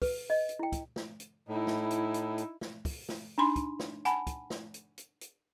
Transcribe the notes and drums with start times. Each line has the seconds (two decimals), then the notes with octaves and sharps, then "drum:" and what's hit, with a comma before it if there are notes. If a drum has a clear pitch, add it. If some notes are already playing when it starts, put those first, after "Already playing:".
0.02 B4, drum: kick, open hi-hat
0.30 D#5
0.49 drum: hi-hat
0.59 E4 G5
0.72 drum: kick, hi-hat
0.96 drum: snare
1.20 drum: hi-hat
1.48 A2 D#4 E4
1.67 drum: snare
1.91 drum: hi-hat
2.14 drum: hi-hat
2.38 drum: hi-hat
2.61 drum: snare
2.85 drum: kick, open hi-hat
3.09 drum: snare
3.38 D4 D#4 G#5 B5 C6
3.56 drum: kick, hi-hat
3.79 drum: snare
4.05 F#5 G#5 A5 B5, drum: hi-hat
4.27 drum: kick, hi-hat
4.50 drum: snare
4.74 drum: hi-hat
4.98 drum: hi-hat
5.21 drum: hi-hat